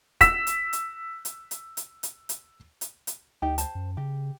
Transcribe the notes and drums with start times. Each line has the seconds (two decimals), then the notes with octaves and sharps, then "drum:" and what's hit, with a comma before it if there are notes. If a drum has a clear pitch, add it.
0.21 E6 B6 E7, drum: kick, hi-hat
0.47 drum: hi-hat
0.73 drum: hi-hat
1.25 drum: hi-hat
1.51 drum: hi-hat
1.77 drum: hi-hat
2.03 drum: hi-hat
2.29 drum: hi-hat
2.81 drum: hi-hat
3.07 drum: hi-hat
3.42 D2 D#4 G4 G5
3.58 C5 A5, drum: hi-hat
3.75 F#2
3.97 C#3 G4